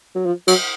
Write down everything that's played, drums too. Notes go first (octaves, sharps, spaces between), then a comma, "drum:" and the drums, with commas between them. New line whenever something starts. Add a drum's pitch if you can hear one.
F#3
F3
F#3, drum: cymbal